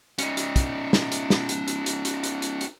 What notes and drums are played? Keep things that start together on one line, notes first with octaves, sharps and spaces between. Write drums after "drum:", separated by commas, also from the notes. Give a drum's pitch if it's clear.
C#4 D#4, drum: hi-hat
drum: hi-hat
drum: kick, hi-hat
drum: snare
drum: hi-hat
drum: snare
drum: hi-hat
drum: hi-hat
drum: hi-hat
drum: hi-hat
drum: hi-hat
drum: hi-hat
drum: hi-hat